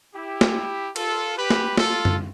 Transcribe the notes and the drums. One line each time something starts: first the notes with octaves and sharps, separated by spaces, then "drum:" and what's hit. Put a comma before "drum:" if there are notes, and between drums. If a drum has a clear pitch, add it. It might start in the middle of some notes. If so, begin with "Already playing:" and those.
E4 G4
drum: snare
F4 A4, drum: cymbal
G4 B4
drum: snare
F4 A4, drum: snare
drum: tom